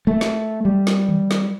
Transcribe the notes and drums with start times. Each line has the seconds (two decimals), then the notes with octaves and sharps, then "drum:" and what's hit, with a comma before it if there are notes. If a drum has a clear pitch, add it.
0.07 A3
0.21 drum: snare
0.65 G3
0.87 drum: snare
1.09 drum: tom D#3
1.31 drum: snare